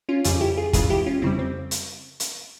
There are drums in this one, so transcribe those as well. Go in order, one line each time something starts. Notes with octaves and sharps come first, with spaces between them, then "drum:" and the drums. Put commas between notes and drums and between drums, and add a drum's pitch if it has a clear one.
C#4 F4
F2 C#3 G3 F4 G#4, drum: hi-hat
E4 G4
F4 G#4
E2 C#3 E3 G#3 F4 G#4, drum: kick, hi-hat
E4 G4
C#4 F4
F2 C#3 G3 C4 E4
C4
drum: hi-hat
drum: hi-hat